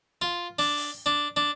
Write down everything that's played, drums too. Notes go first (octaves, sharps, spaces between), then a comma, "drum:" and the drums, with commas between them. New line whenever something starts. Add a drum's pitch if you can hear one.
F4
D4, drum: open hi-hat
drum: open hi-hat
D4
D4